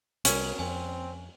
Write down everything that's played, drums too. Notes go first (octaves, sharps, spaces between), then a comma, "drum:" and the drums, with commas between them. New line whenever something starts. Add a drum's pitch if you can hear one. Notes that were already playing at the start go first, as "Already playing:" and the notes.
C2 G3 C#4 F#4 A#4, drum: hi-hat
F2 C4 G#5